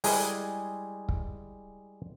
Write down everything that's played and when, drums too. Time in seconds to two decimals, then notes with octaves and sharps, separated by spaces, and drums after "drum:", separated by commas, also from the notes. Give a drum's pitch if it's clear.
0.04 G3 G#3 E4 G#4 G#5, drum: open hi-hat
1.09 drum: kick